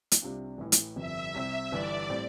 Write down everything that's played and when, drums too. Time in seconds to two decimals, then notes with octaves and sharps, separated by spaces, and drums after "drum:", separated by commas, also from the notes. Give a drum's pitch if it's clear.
0.12 drum: hi-hat
0.22 C2 C3 G3 D4 F4
0.58 A1 A2 E3
0.72 drum: hi-hat
0.96 G1 F2 C3 E5
1.34 C2 C3 G3 C4
1.72 G1 G2 E3 D5
2.10 A2 G3 C4